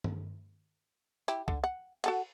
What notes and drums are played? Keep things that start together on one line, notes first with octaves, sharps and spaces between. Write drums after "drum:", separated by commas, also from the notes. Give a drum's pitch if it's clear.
drum: tom
E4 G4, drum: hi-hat
D3, drum: kick C#2
F#5
F#4 A4 F#5, drum: cymbal